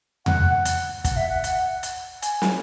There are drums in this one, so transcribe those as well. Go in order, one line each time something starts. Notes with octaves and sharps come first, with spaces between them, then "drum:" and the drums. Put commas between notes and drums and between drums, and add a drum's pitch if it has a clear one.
F#5, drum: tom E2
drum: hi-hat
F#5, drum: kick, hi-hat
E5
F#5
drum: hi-hat
drum: hi-hat
G#5, drum: hi-hat
drum: snare